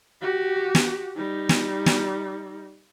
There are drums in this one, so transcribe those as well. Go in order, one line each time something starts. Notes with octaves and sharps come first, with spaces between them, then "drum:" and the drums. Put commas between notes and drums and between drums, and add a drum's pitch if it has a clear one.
F#4 G4
drum: snare
G3 D#4
drum: snare
drum: snare